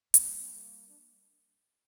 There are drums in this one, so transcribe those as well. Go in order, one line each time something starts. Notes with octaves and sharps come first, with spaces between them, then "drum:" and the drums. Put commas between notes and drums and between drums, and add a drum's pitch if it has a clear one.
G3 C4, drum: hi-hat
A#3
C4
A#3
D4